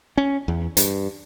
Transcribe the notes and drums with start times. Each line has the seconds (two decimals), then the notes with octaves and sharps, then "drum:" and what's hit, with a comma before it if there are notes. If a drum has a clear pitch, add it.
0.17 C#4
0.48 E2
0.77 G2, drum: hi-hat